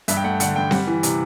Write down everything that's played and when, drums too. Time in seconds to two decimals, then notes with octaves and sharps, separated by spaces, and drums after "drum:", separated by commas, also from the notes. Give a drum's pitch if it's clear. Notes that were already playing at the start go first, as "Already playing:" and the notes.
0.08 G2 E5, drum: hi-hat
0.17 G5
0.24 A3 F#5
0.40 D3 F#5, drum: hi-hat
0.56 G2 G5
0.71 G3 F#5, drum: snare C4
0.87 E3
1.03 C3, drum: hi-hat